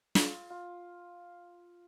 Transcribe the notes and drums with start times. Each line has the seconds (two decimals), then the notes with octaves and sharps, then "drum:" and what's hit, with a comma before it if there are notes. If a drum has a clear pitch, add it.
0.15 F4, drum: snare
0.50 F4